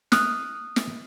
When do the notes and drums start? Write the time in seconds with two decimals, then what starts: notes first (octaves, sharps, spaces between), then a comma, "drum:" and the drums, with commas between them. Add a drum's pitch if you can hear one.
0.12 D#6 F6 F#6, drum: snare
0.76 drum: snare